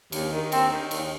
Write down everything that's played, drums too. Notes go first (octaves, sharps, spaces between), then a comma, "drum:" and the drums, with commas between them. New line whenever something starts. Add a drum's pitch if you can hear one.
D#2, drum: cymbal
D#3
D#2 C4, drum: cymbal
D#3
D#2, drum: cymbal